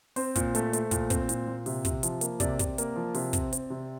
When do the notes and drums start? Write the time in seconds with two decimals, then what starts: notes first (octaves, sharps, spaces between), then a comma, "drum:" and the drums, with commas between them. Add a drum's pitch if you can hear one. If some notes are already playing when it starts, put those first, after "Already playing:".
0.16 C4 C5, drum: open hi-hat
0.35 A#2, drum: kick, hi-hat
0.55 A3, drum: hi-hat
0.73 A3, drum: hi-hat
0.91 A#2, drum: kick, hi-hat
1.10 C4, drum: kick, hi-hat
1.29 A#2, drum: hi-hat
1.47 A#2
1.66 C3, drum: open hi-hat
1.85 C3, drum: kick, hi-hat
2.03 F3, drum: hi-hat
2.21 A#3, drum: hi-hat
2.40 C3 D5, drum: kick, hi-hat
2.59 C3, drum: kick, hi-hat
2.78 A#3, drum: hi-hat
2.96 F3
3.14 C3, drum: open hi-hat
3.33 C4, drum: kick, hi-hat
3.53 C4, drum: hi-hat
3.70 C3